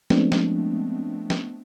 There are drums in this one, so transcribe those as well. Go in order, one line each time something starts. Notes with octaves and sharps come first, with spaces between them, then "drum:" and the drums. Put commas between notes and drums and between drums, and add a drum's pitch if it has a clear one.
F3 G#3 A3 B3 C4 D4, drum: snare
drum: snare
drum: snare